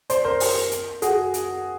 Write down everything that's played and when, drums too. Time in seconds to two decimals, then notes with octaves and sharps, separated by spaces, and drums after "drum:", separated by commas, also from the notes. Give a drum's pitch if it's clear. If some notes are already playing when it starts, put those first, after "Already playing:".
0.10 C5 D5, drum: hi-hat
0.24 A#4 C5
0.40 drum: open hi-hat
0.71 drum: hi-hat
1.02 F#4 G#4, drum: hi-hat
1.34 drum: hi-hat